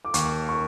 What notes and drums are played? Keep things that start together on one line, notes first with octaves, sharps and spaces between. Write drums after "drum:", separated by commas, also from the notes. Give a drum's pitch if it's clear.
D6
D#2 C#6, drum: hi-hat
C#6